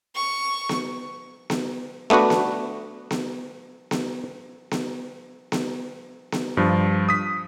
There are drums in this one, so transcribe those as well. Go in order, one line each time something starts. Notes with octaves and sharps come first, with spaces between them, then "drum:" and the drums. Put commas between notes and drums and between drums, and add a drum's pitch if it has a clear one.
C#6
drum: snare B3
drum: snare B3
A3 B3 D4 F#4 B4
drum: snare B3
drum: snare B3
drum: snare B3
drum: snare B3
drum: snare B3
drum: snare B3
G2 F3
D#6 B6